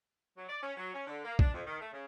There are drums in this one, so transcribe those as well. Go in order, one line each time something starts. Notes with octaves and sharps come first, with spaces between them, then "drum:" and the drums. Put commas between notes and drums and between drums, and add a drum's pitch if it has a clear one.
F#3
D5
C#4
F#3
C#4
D3
A#3
D4, drum: kick
F2
D#3
A3
C#3